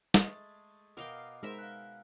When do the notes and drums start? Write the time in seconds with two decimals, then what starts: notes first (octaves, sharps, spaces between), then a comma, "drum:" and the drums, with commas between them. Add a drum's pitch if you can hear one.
0.14 G#3 A3 G#4, drum: snare
0.97 B2 A#4 D#5 F5 G5 D6 D#6
1.43 G#3 D#4 A#4 C5 E5 B5
1.59 F5 G#5 F#6